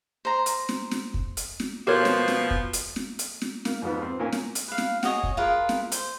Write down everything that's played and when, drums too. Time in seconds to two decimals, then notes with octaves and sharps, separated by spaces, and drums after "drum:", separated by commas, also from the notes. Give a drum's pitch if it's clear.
0.25 C5 A#5
0.46 drum: hi-hat
0.69 drum: snare
0.91 drum: snare
1.14 drum: kick
1.37 drum: hi-hat
1.60 drum: snare
1.87 B2 F3 G4 A#4 C5 C#5
2.05 drum: snare
2.28 drum: snare
2.51 drum: kick
2.73 drum: hi-hat
2.96 drum: snare
3.19 drum: hi-hat
3.41 drum: snare
3.65 A#3, drum: snare
3.82 F2 G#2 F3 B3
4.02 C4
4.19 A#2 A#3 C#4 A#4 G#5
4.32 drum: snare
4.55 drum: hi-hat
4.68 B4 F5
4.78 drum: snare
5.03 F#4 C#5 D#5 G#5, drum: snare
5.23 drum: kick
5.37 F4 G#4 A#4 B4
5.69 drum: snare
5.92 C5, drum: hi-hat